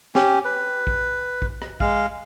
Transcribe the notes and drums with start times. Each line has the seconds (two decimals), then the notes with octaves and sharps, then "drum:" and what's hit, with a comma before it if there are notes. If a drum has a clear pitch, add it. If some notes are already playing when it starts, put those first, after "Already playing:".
0.15 C#4 G4, drum: snare
0.45 B4
0.87 drum: kick
1.42 drum: kick
1.62 drum: rim click
1.80 G#3 F5, drum: kick